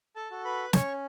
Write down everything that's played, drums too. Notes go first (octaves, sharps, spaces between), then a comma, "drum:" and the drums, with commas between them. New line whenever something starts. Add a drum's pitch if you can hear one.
A4 A5
F#4 A4
B4 B5
C#4 C#5 C#6, drum: snare